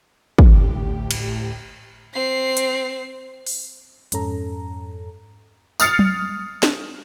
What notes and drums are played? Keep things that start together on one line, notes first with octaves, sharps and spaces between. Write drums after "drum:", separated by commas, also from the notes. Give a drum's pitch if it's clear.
drum: kick
D2 A2 G4
drum: cymbal
C4 C7
drum: hi-hat
drum: open hi-hat
F2 G#2 C#4 A4 A#5, drum: hi-hat
D#6 F6 A6 C7 C#7, drum: tambourine
drum: tom F#3
drum: snare